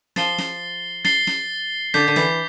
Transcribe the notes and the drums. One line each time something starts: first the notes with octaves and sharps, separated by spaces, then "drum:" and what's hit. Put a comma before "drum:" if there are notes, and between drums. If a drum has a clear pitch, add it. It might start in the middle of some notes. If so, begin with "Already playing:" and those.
F3 A6 C7 G7, drum: snare
drum: snare
A6 C7 G7, drum: snare
drum: snare
D3 D6 G6 B6, drum: snare
D3
E3, drum: snare